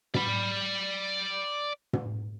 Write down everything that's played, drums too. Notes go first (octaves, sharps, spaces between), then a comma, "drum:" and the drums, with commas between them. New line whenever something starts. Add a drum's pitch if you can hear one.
D5 B5, drum: tom
drum: tom